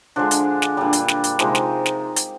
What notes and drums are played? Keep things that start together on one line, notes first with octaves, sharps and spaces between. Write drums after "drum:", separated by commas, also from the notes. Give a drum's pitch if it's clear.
D3 F3 G#3 D4
drum: hi-hat
drum: snare
A#2 G3 D4
drum: hi-hat
drum: snare
drum: hi-hat
C3 F3 G#3 D#4, drum: snare
drum: snare
drum: snare
drum: hi-hat